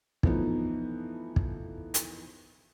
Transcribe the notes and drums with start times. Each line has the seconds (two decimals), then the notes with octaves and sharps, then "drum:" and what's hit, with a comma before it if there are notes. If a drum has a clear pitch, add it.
0.23 E3 F3 A3 B3 D#4, drum: kick
1.36 drum: kick
1.94 drum: hi-hat